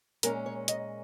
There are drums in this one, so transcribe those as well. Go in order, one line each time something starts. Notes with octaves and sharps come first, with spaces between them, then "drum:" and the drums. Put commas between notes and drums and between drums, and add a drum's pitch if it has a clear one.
A#2 G#3 C#4 A#4, drum: hi-hat
C#5
D#5, drum: hi-hat